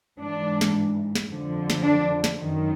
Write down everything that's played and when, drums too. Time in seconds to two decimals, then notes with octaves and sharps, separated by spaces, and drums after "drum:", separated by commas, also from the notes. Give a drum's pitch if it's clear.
0.21 G#2 E3 D4
0.61 drum: snare
1.15 drum: snare
1.29 F2 D3 F3
1.70 drum: snare
1.83 D4
2.24 drum: snare
2.37 F#2 D#3